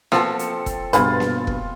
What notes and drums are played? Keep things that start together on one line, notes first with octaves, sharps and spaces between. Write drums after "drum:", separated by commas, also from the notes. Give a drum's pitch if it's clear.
F3 B3 C4 F#4 A4, drum: snare A#3
drum: hi-hat
drum: kick F1, hi-hat
G2 B2 G3 F4 G#4 B4, drum: hi-hat
drum: snare A#3
drum: kick F1